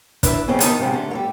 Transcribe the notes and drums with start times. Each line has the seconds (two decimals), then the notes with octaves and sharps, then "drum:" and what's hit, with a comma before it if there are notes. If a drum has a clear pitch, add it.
0.23 D4 E4 B4 E5, drum: kick, hi-hat
0.48 F2 C#3 G3 B3 C4 D4
0.60 D#3 B3 D#4 D#5 A5, drum: hi-hat
0.78 G#2 C3 D#3 F3 G3
0.93 D3 A3
1.11 G3 A3 A#3